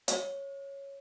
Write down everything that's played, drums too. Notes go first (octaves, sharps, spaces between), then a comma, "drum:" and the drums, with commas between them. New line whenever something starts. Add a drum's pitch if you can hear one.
C#5, drum: hi-hat